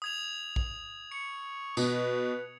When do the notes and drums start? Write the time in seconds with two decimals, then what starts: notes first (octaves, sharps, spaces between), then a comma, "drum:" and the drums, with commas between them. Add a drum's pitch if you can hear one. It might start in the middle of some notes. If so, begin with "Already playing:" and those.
0.02 D#6 G#6 F7
0.56 drum: kick A#1
1.12 C#6 C#7
1.77 B2 B4, drum: tambourine